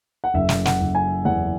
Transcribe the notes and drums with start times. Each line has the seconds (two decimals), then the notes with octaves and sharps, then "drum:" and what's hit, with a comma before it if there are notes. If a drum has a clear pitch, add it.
0.24 F#5
0.34 F#1 E5
0.49 drum: snare
0.65 F#5, drum: snare
0.81 F#1
0.95 G#5
1.25 E2 F#5